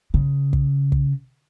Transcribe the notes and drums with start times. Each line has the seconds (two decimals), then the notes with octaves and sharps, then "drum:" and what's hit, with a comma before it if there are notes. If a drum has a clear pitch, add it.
0.14 C#3
0.53 drum: kick
0.92 drum: kick